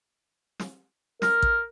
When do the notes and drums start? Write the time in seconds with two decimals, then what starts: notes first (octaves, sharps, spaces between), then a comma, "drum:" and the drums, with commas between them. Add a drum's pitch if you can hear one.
0.60 drum: snare
1.22 A#4, drum: snare
1.42 drum: kick A1